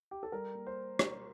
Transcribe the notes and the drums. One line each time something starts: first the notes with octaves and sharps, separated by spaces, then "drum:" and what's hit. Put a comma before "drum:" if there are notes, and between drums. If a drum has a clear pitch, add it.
G4
A4
G3 A#4
A#3
C5
drum: rim click